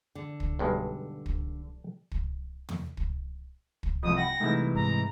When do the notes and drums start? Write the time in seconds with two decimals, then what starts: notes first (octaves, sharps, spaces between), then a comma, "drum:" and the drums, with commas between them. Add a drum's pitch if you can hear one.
0.15 D3
0.40 drum: kick
0.59 B1 G2 G#3
1.26 drum: kick
2.11 drum: kick
2.69 drum: tom
2.97 drum: kick
3.83 drum: kick
4.03 C2 F2 D#6
4.17 F#5 G5 B5 A#6
4.40 C2 E3 G#3 A3 D#4
4.75 G#2 A#5